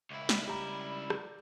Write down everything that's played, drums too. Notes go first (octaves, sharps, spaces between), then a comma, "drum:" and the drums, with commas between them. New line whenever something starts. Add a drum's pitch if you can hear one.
C#2 E4
G3, drum: snare
G4 A#5
drum: rim click